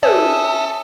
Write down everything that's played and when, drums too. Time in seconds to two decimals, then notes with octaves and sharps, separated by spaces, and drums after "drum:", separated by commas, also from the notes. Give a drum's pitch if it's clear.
0.03 C#4 A4 E5 D#6, drum: tom